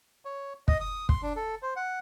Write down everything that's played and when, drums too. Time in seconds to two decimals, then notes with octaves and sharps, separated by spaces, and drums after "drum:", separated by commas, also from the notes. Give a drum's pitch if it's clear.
0.25 C#5
0.68 D#5, drum: kick
0.81 D#6
1.09 C6, drum: kick
1.22 D4
1.36 A4
1.62 C5
1.76 F#5